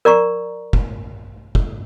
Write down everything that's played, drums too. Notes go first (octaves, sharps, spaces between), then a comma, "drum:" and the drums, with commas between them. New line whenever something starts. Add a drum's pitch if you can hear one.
A#4 D5 A#5 C#6
drum: kick
drum: kick